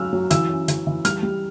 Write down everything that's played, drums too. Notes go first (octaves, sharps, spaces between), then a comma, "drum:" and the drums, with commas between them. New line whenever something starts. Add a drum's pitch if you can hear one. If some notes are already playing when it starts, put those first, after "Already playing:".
Already playing: F#3 C#4 E6 F6
F#3
E3 E6, drum: hi-hat
C#4
E3, drum: hi-hat
E3
G3 F6, drum: hi-hat
G3